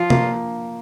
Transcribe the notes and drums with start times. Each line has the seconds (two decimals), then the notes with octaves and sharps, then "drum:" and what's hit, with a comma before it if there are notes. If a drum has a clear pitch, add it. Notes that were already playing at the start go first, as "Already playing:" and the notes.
Already playing: F3 F4
0.10 A#3, drum: tom